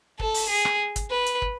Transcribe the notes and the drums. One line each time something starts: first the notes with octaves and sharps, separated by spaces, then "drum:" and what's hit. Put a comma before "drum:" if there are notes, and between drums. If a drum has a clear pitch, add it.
A4, drum: kick
drum: open hi-hat
G#4
drum: rim click
drum: kick, hi-hat
B4
drum: hi-hat
drum: kick